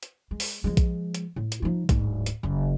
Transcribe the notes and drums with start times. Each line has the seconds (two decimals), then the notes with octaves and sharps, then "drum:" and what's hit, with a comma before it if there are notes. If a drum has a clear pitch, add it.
0.03 drum: hi-hat
0.31 G#3
0.40 drum: open hi-hat
0.64 F3 G#3
0.77 drum: kick A#1, hi-hat
1.14 drum: hi-hat
1.36 A2
1.52 drum: hi-hat
1.62 F3 D#4
1.89 D1 G#2, drum: kick A#1, hi-hat
2.26 drum: hi-hat
2.43 F#1